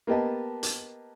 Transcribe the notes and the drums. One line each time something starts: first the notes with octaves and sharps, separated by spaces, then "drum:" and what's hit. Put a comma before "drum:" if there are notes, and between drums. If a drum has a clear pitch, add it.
A#3 B3 G4 D#5 A5
drum: hi-hat